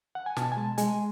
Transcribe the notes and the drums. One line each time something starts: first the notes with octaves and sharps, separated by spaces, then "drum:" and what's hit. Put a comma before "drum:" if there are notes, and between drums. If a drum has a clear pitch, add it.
F#5
G#5
B2 A5, drum: snare
G#5
G#3 A5
G#3 G#5, drum: hi-hat